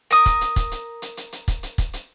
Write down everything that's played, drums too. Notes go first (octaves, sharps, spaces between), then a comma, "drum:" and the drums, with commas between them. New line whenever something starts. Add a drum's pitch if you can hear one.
A#4 D#6, drum: hi-hat
drum: kick, hi-hat
drum: hi-hat
drum: kick, hi-hat
drum: hi-hat
drum: hi-hat
drum: hi-hat
drum: hi-hat
drum: kick, hi-hat
drum: hi-hat
drum: kick, hi-hat
drum: hi-hat